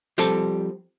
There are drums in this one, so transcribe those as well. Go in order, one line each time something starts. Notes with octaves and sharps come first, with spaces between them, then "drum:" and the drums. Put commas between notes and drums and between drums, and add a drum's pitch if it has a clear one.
F3 G3 C4 G4 A4, drum: hi-hat